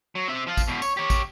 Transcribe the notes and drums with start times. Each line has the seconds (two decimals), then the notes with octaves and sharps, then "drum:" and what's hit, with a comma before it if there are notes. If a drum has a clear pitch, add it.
0.15 F#3
0.28 C4 E5
0.47 F3 F4
0.57 drum: kick, tambourine
0.68 E2 B2
0.82 C#5, drum: tambourine
0.97 G4 C#5
1.10 drum: kick, tambourine